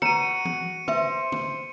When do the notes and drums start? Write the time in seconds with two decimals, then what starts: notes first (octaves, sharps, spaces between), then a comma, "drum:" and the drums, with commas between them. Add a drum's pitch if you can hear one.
0.02 F#4 B4 C#5 A#5 C#7 D#7, drum: tom
0.45 drum: tom E3
0.88 B4 C5 E5, drum: tom
1.32 drum: tom